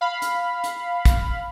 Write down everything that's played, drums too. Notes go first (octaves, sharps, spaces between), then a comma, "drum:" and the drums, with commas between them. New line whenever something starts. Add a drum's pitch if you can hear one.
F5 B5
drum: hi-hat
drum: hi-hat
drum: kick, hi-hat